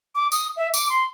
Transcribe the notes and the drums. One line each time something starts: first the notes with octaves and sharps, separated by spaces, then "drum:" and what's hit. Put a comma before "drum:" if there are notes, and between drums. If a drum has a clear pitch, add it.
D6
D#6, drum: tambourine
E5
D6, drum: tambourine
C6